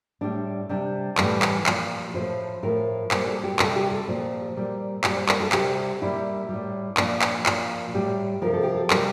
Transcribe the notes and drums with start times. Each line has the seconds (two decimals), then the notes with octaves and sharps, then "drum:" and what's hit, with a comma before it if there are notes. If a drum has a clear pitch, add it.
0.21 A2 G3 D4
0.69 C3 G3 D4
1.18 A2 E3 G3, drum: clap
1.42 drum: clap
1.66 A#2 F3, drum: clap
2.14 A2 F3 C5
2.63 A2 F3 A#4
3.11 A#2 G3 C5, drum: clap
3.28 A4
3.44 G4
3.59 C3 G3 A4, drum: clap
3.76 G4
3.92 A4
4.08 A#2 F3 C5
4.57 A#2 G3
5.04 A#2 G3 D5, drum: clap
5.16 C5
5.29 A#4, drum: clap
5.40 A4
5.52 C3 G3 G4, drum: clap
6.01 A#2 G3 E4
6.49 A2 G3
6.97 A#2 F3 D4, drum: clap
7.22 drum: clap
7.46 A#2 F3 F4, drum: clap
7.94 A2 G3 G4
8.42 C3 F3 A#4
8.53 A4
8.63 G4
8.75 A4
8.90 C3 G3 A#4, drum: clap